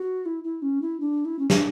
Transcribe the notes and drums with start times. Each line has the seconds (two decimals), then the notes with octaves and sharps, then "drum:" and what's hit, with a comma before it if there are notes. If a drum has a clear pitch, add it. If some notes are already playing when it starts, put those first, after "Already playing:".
Already playing: F#4
0.26 E4
0.44 E4
0.62 C#4
0.81 E4
1.00 D4
1.25 E4
1.39 C#4
1.50 D4, drum: snare